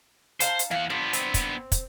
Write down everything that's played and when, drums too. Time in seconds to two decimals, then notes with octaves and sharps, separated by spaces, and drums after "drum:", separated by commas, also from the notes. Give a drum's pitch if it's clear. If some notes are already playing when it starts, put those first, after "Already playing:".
0.40 D#4 C5 F5 A5, drum: hi-hat
0.59 drum: hi-hat
0.71 E3 F5 F#5
0.90 D3 F3 B3
1.13 C4, drum: hi-hat
1.34 drum: kick, hi-hat
1.72 drum: kick, hi-hat